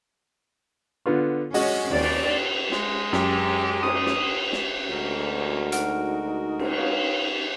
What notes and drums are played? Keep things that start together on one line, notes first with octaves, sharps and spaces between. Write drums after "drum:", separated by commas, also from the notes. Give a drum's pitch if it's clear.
D3 B3 F4
G#3 C#4 F#4 D#5, drum: open hi-hat
D#2 C#4 D5, drum: cymbal
G#3, drum: snare
F#2 G4, drum: snare
D#6, drum: cymbal
drum: snare
drum: snare
D2 G#3 F#4 A#4
D#4 F#5 F6 D7, drum: hi-hat
drum: cymbal
B4 C#5 F5